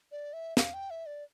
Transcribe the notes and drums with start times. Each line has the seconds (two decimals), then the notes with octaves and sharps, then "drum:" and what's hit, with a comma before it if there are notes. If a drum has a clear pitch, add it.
0.12 D5
0.33 E5
0.57 F5, drum: snare
0.74 G5
0.90 E5
1.06 D5